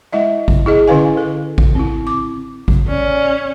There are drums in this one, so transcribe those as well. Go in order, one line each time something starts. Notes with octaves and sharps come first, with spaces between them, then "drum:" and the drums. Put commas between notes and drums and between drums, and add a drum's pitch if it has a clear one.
G#3 E4 D#5 E5
drum: kick G#1
E4 G#4 D#5
D3 C#4 E4 B4 F5 G#5
A4
drum: kick G#1
C4 E4
D6
drum: kick G#1
C#4 D5